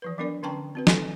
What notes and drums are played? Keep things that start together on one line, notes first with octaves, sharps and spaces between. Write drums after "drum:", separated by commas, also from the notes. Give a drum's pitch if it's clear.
E3 F3 B4
F#3 B3 D4 A#4 D5
D3 C#4 G5 A5 A#5 C#6
C4 F#4 B4
A4 G#5 C6 C#6, drum: snare